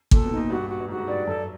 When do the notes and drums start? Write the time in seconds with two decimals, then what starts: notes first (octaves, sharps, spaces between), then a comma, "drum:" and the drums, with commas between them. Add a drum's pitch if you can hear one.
0.11 A#2 A4, drum: kick
0.24 B2
0.31 D#4
0.37 A#2
0.50 G2 F#4
0.69 F#4
0.80 G2
0.88 G#2 F#4
0.99 G#2
1.08 G2 D5
1.27 F#2 A4